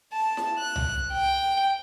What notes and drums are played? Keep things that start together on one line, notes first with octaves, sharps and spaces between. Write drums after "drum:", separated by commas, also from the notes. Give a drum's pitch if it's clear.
A5
drum: snare E4
F#6
drum: tom C2
G5